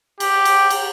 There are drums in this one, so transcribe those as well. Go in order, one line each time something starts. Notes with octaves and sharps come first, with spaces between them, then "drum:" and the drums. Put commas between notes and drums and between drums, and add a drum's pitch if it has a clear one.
G4, drum: cymbal
drum: cymbal
drum: cymbal